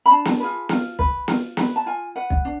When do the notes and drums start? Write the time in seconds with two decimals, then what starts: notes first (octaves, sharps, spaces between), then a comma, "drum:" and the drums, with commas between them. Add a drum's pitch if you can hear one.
0.06 B5
0.10 D4 A5
0.25 drum: snare
0.40 F4 G#4 B4
0.69 F4, drum: snare
0.99 B4, drum: kick
1.28 F4, drum: snare
1.57 B4, drum: snare
1.76 A5
1.86 F4 G#5
2.16 B4 F#5
2.30 drum: kick
2.45 D4